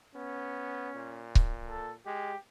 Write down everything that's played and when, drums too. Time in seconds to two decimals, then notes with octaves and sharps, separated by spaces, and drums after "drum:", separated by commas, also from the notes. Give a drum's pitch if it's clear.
0.15 B3 C#4
0.96 A#2
1.35 drum: kick C#1
1.68 A4
2.06 G#3 G4